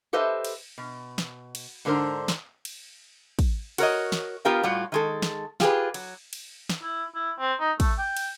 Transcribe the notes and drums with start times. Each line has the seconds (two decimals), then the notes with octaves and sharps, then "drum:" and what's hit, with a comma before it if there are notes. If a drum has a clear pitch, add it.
0.13 G4 A4 B4 C5 D#5 E5
0.45 drum: cymbal
0.78 B2
1.18 drum: snare
1.55 drum: cymbal
1.85 G#2 D3 D4 A#4 C5
2.28 drum: snare
2.65 drum: cymbal
3.39 drum: kick, cymbal
3.78 F#4 A#4 C#5 D#5, drum: cymbal
4.12 drum: snare
4.45 B3 F4 G4 A#4 F5
4.63 A2 G3 F4 F#4
4.92 D#3 G#3 A4
5.22 drum: snare
5.60 F4 G4 G#4 B4, drum: snare
5.94 F#3, drum: cymbal
6.33 drum: cymbal
6.69 drum: snare
6.83 E4
7.15 E4
7.39 C4
7.60 D#4
7.80 A3, drum: kick, cymbal
7.98 G5
8.17 drum: cymbal